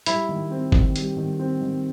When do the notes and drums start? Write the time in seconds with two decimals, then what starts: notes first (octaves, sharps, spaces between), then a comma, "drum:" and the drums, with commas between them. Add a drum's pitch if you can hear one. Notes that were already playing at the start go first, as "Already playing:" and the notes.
0.06 G3 E4, drum: hi-hat
0.29 D#3
0.51 C4
0.72 D#3, drum: kick G1
0.96 G3, drum: hi-hat
1.17 D#3
1.39 C4
1.61 D#3